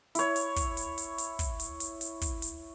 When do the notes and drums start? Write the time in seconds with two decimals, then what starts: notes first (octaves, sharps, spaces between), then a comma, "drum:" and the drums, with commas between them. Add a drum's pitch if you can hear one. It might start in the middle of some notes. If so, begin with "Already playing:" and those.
0.15 E4 C#5, drum: hi-hat
0.36 drum: hi-hat
0.56 drum: kick, hi-hat
0.77 drum: hi-hat
0.98 drum: hi-hat
1.18 drum: hi-hat
1.39 drum: kick, hi-hat
1.60 drum: hi-hat
1.80 drum: hi-hat
2.01 drum: hi-hat
2.21 drum: kick, hi-hat
2.42 drum: hi-hat